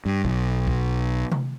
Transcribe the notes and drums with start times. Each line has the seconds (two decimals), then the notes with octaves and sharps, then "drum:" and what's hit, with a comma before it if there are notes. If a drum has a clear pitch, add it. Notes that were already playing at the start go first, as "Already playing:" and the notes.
0.06 G2
0.25 B1, drum: kick
0.67 drum: kick
1.32 drum: tom C3